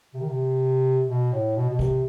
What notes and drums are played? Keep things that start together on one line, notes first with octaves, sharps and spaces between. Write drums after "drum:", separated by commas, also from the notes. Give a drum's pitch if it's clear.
C3
D#3
C3
B2
A2
B2
B2
C3, drum: kick B1